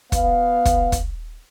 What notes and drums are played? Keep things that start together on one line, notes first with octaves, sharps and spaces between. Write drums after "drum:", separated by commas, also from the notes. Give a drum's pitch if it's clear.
B3 F5, drum: kick, hi-hat
drum: kick, hi-hat
drum: kick, hi-hat